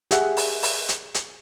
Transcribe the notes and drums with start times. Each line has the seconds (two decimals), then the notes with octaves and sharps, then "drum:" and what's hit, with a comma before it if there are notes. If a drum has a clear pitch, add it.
0.11 G4 G#4 E5 F#5, drum: hi-hat
0.37 drum: open hi-hat
0.63 drum: open hi-hat
0.89 drum: hi-hat
1.14 drum: hi-hat